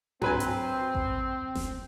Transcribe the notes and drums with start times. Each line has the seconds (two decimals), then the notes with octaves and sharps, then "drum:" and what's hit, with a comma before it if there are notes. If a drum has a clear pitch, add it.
0.22 F#3 C4 B4 G#5, drum: tom G2
0.40 drum: hi-hat
0.95 drum: kick A1
1.55 drum: snare F1